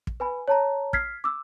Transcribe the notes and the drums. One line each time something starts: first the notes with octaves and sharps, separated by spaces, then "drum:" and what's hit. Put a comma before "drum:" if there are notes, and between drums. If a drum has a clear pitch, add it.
drum: kick
B4 G#5 B5
C#5 A5 A#5
F6 G#6 B6 C7, drum: kick
D6 E6